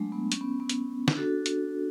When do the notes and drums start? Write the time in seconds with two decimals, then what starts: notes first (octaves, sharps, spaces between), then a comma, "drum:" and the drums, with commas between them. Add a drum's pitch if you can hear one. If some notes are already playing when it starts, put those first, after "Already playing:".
Already playing: F#3 G#3 A3 D4
0.12 B3
0.32 C#4, drum: hi-hat
0.41 B3
0.60 B3
0.69 drum: hi-hat
1.08 D4, drum: snare
1.17 F#4 A4
1.46 drum: hi-hat